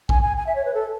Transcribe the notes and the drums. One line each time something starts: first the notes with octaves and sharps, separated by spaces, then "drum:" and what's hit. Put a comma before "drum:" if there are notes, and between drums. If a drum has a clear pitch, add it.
G#5, drum: kick A#1
G#5
G#5
E5
C#5
B4
A4